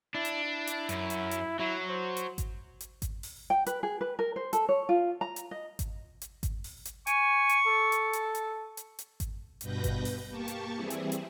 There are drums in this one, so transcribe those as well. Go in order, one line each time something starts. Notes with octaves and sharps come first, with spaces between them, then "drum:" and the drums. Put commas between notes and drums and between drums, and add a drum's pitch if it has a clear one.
D4 E4
drum: hi-hat
E4
drum: hi-hat
F#2, drum: hi-hat
drum: hi-hat
drum: hi-hat
F#3 E4
C5
drum: hi-hat
drum: kick G#1, hi-hat
drum: hi-hat
drum: kick G#1, hi-hat
drum: open hi-hat
G5
B4, drum: hi-hat
G#4
B4
A#4
C5
A4, drum: hi-hat
C#5
F4
A#5
drum: hi-hat
D#5
drum: kick G#1, hi-hat
drum: hi-hat
drum: kick G#1, hi-hat
drum: open hi-hat
drum: hi-hat
G#5 C#6, drum: hi-hat
drum: hi-hat
A4
drum: hi-hat
drum: hi-hat
drum: hi-hat
drum: hi-hat
drum: hi-hat
drum: kick G#1, hi-hat
G2 B2 B4 G6 A#6, drum: hi-hat
drum: kick G#1, hi-hat
drum: open hi-hat
A#3 G4 A5 C#6
drum: hi-hat
E3 G3 C4 E4 G#4
drum: hi-hat
drum: hi-hat